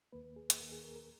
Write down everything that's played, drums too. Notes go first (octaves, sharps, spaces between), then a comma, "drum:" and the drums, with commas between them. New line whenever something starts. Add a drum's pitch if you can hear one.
D#2 D#3 A#3 B4
B4
G#4
drum: hi-hat
D#2 D#3 A#3 A#4
G#4
A#4
A#4